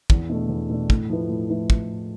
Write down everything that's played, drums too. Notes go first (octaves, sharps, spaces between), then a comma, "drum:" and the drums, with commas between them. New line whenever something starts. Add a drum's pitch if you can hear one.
E2, drum: kick
B2 A3 D4
E2
B2 A3 D4
A2, drum: kick
F3 A3 E4 B4
A2
F3 A3 E4 B4
drum: kick